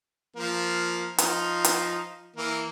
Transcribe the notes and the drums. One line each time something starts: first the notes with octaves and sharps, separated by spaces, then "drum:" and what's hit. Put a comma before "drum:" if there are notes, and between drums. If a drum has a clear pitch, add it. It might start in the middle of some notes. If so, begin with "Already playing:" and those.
F3 A#3
F3 D#4 F4, drum: hi-hat
drum: hi-hat
E3 A#3